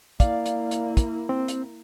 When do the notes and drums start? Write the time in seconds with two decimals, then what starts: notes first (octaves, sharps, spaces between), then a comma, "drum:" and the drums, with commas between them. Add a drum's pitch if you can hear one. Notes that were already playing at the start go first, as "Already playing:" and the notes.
0.20 A#3 E4 D5 F5, drum: kick, hi-hat
0.46 drum: hi-hat
0.71 drum: hi-hat
0.97 drum: kick, hi-hat
1.29 C4
1.48 drum: hi-hat